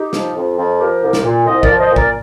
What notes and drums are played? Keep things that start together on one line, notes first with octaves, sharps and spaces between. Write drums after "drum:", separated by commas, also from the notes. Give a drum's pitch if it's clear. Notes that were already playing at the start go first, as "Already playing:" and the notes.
Already playing: D#4 G4
F3, drum: snare
F2
F2
F3 G4 A#4
C2
drum: snare
A#2
C2 C5 D#5
A#4 D5, drum: kick A1
F3
C5 D#5
A#2
A#4 D5, drum: kick A1